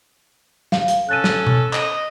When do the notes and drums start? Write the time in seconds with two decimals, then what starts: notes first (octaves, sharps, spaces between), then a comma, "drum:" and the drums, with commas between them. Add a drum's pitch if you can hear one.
0.72 F5, drum: snare
0.88 drum: hi-hat
1.09 C#4 A4 F#6 A6 D#7
1.24 drum: snare
1.47 drum: tom B2
1.73 D#5, drum: clap